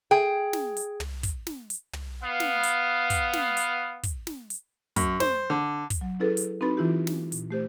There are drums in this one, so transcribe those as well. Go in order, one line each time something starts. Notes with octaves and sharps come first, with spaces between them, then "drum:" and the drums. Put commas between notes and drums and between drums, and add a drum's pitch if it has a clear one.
G#4 G5
drum: snare
drum: hi-hat
drum: tom
drum: kick, hi-hat
drum: snare
drum: hi-hat
drum: tom
B3 F5
drum: snare
drum: hi-hat
drum: kick, hi-hat
drum: snare
drum: hi-hat
drum: kick, hi-hat
drum: snare
drum: hi-hat
F#2, drum: kick, hi-hat
C5, drum: snare
D3
drum: kick, hi-hat
F#3
F#3 C#4 E4 G#4 A4 B4
drum: hi-hat
C4 D#4 F#4 B4 B5 A6
E3 E4 F4 G4
drum: snare
A#2, drum: hi-hat
A3 G4 C5